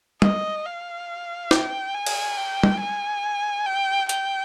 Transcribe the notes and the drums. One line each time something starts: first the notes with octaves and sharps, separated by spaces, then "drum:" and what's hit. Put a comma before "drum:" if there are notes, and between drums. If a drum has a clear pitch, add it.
D#5, drum: tom
F5
G5, drum: snare
G#5
drum: cymbal
G5
drum: tom
G#5
G5
G5, drum: hi-hat